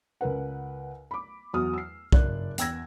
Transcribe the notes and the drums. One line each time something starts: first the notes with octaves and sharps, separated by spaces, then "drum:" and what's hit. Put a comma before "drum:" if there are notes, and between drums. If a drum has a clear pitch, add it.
C#2 A#4 B4 F#5
B5 D6
E2 F#3 D#6 F6
E6 C7
F#1 D5 F#6, drum: kick
E2 G5 E6 G#6 A#6, drum: hi-hat